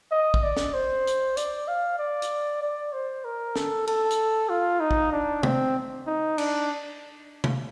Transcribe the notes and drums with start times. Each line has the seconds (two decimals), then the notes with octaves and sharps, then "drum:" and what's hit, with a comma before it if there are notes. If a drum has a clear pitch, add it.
0.11 D#5
0.34 drum: kick
0.43 D5
0.57 drum: snare
0.74 C5
1.07 drum: hi-hat
1.37 D5, drum: hi-hat
1.68 F5
1.99 D5
2.22 drum: hi-hat
2.62 D5
2.93 C5
3.25 A#4
3.56 A4, drum: snare
3.87 A4, drum: cymbal
4.10 drum: hi-hat
4.49 F4
4.80 D#4
4.91 drum: kick
5.12 D4
5.43 C4, drum: tom C3
6.07 D#4
6.38 D4, drum: cymbal
7.44 drum: tom C3